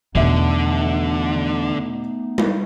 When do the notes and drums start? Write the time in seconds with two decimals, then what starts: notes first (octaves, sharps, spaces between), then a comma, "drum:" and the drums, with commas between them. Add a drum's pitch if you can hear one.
0.15 E2 B2 D3 A3 B3 D#4 E5
2.38 drum: tom G3